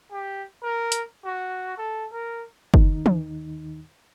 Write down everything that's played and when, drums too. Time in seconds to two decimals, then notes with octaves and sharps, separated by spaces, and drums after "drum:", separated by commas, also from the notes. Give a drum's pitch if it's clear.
0.11 G4
0.63 A#4
0.92 drum: hi-hat
1.25 F#4
1.77 A4
2.12 A#4
2.74 D#2 D#3 D#4, drum: kick F#1
3.06 drum: tom